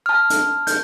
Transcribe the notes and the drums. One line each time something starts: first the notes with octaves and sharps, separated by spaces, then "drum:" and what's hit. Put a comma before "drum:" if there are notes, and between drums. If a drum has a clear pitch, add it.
A5 F6
drum: hi-hat
G6, drum: hi-hat